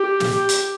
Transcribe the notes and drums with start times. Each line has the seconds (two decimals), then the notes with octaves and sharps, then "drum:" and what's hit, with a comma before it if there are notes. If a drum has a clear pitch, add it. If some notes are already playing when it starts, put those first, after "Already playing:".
Already playing: G4
0.20 drum: snare
0.35 G4
0.49 drum: hi-hat